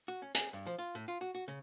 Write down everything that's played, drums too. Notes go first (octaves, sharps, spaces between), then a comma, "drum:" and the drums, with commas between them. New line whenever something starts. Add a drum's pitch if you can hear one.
F#4
C#4
G#4, drum: hi-hat
G2
F3
F4
A2
F4
F#4
F#4
C#3